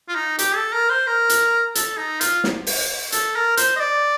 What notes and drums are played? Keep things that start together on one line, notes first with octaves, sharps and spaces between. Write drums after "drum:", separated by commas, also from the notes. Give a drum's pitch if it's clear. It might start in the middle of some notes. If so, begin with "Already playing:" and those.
F4
D#4
G4, drum: hi-hat
A4
A#4
C5
A#4
drum: hi-hat
A4, drum: hi-hat
D#4
F4, drum: hi-hat
drum: snare
drum: open hi-hat
A4, drum: hi-hat
A#4
C5, drum: hi-hat
D#5
D5